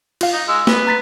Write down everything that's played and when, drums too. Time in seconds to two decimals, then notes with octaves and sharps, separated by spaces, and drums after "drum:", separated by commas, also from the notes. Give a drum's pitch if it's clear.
0.21 F4 F5, drum: cymbal
0.33 D#4
0.49 G#3 E6
0.67 B3, drum: snare
0.87 A#5 A6 B6